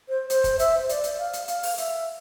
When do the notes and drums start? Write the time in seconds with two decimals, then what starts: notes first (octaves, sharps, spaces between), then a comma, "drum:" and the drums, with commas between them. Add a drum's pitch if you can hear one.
0.09 C5
0.30 C5, drum: hi-hat
0.44 drum: kick, hi-hat
0.59 E5, drum: hi-hat
0.78 C5
0.89 D5, drum: hi-hat
1.04 drum: hi-hat
1.18 F5
1.33 drum: hi-hat
1.48 F5, drum: hi-hat
1.63 drum: open hi-hat
1.78 E5, drum: hi-hat